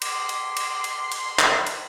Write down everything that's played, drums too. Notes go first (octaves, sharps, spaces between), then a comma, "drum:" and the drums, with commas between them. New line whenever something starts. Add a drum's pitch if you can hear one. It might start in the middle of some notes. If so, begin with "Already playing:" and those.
C6 D6, drum: cymbal
drum: cymbal
drum: cymbal
drum: cymbal
drum: cymbal
drum: clap
drum: cymbal